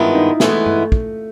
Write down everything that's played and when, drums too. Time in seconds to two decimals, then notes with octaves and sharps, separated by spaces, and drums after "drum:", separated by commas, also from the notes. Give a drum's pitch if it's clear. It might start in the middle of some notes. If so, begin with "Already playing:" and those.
Already playing: G2 D#3 G#3 B3 E4 F4
0.14 D#4
0.40 E3 G#3 A3 B3, drum: snare
0.66 drum: tom G2
0.92 drum: kick